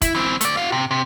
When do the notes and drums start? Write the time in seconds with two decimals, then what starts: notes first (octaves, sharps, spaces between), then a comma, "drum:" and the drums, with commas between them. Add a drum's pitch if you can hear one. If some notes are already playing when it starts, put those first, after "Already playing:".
0.02 E4, drum: kick, hi-hat
0.15 E3 C4
0.41 A3 D5, drum: hi-hat
0.57 F#4 F5
0.72 C3
0.91 C3